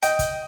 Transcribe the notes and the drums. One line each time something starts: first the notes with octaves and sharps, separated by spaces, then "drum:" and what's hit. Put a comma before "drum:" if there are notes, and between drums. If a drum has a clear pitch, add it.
D#5 G5, drum: hi-hat
drum: kick, hi-hat